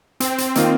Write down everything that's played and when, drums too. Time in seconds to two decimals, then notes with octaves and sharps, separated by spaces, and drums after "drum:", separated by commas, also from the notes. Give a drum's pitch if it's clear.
0.20 C4, drum: hi-hat
0.38 drum: hi-hat
0.55 D#3 A#3 F4, drum: hi-hat